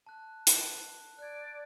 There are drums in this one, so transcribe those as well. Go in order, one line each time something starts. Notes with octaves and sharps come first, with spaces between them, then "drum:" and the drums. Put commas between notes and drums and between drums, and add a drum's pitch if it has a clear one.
A5 F#6
drum: hi-hat
D5 F#6 G#6